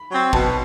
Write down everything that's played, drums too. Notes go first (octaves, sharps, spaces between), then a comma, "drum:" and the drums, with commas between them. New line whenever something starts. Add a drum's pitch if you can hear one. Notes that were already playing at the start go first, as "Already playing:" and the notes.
Already playing: B5
F#3 C4
B2 A5, drum: kick